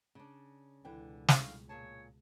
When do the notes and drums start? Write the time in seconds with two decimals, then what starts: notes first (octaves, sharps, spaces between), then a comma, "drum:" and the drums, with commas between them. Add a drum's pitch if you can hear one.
0.15 C#3 D4
0.85 C#2 B2 D3 E3 G5
1.28 F5, drum: snare
1.69 A#2 G#4 C#5 A5